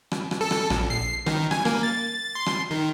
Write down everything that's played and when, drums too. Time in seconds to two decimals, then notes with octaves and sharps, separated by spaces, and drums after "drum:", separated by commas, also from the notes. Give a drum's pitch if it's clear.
0.12 drum: rim click
0.31 drum: rim click
0.41 A4
0.51 drum: rim click
0.70 A#1, drum: rim click
0.90 C7
1.26 D#3, drum: rim click
1.51 G#5, drum: rim click
1.65 A#3, drum: rim click
1.83 A6
2.35 C6
2.46 drum: rim click
2.71 D#3